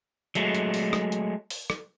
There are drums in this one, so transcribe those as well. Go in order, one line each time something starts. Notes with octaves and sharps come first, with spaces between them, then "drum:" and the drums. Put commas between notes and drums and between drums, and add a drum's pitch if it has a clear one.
F#3 G#3 A3, drum: hi-hat
drum: hi-hat
drum: open hi-hat
drum: rim click
drum: hi-hat
drum: open hi-hat
drum: rim click